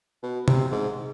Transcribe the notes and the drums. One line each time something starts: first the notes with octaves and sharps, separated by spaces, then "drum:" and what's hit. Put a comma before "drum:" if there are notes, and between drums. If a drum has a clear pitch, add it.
B2
C3, drum: tom
G#2